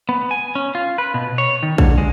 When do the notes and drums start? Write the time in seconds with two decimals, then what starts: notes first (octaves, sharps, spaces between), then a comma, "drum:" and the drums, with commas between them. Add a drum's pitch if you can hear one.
0.09 B3
0.31 G#5
0.55 C#4
0.75 F4
0.98 B4
1.14 B2
1.38 C#5
1.63 D#3
1.78 D3, drum: kick A#1
1.98 G#3